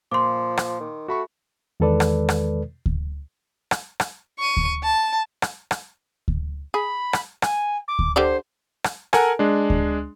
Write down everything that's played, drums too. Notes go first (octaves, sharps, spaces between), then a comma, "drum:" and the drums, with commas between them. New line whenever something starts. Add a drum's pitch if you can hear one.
A#2 F3 C6 D6
drum: rim click
D#3
A3 F#4 B5 C#6
E2 D#3 G#3 A4 B4 D5
drum: rim click
drum: rim click
drum: kick D2
drum: rim click
drum: rim click
C#6 D#7
drum: kick D2
A5
drum: rim click
drum: rim click
drum: kick D2
G#4 B5
drum: rim click
G#5, drum: rim click
D6
drum: kick D2
D3 G4 C5 D5
drum: rim click
A4 A#4 F#5 G#5, drum: rim click
G#3 D4
drum: kick D2